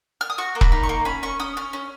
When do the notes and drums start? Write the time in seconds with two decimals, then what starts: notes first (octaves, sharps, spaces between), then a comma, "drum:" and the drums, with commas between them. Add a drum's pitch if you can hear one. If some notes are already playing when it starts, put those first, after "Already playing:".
0.21 F6
0.30 D#6
0.38 F#4 C#6
0.55 A#3
0.61 B5, drum: kick E1
0.72 D#4
0.83 C#6
0.89 A#3
1.05 C#4 B5
1.23 C#4 C#6
1.40 C#4 D#6
1.57 C#4 F6
1.73 C#4